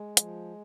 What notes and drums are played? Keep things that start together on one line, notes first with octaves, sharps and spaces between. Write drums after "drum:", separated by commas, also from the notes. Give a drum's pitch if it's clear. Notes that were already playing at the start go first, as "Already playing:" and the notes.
Already playing: G#3
F3, drum: hi-hat